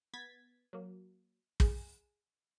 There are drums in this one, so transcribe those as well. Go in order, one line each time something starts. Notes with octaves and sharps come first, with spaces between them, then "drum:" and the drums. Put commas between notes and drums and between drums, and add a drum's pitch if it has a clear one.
B3 G#6 A6 B6
F#3 A#3
G#4, drum: kick